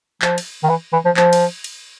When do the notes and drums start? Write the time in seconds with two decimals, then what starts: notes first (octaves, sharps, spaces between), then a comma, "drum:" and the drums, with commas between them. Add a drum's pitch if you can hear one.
0.22 F3, drum: clap
0.38 drum: cymbal
0.63 D#3
0.69 E3
0.93 E3
1.05 F3
1.17 F3, drum: clap
1.33 drum: cymbal
1.64 drum: cymbal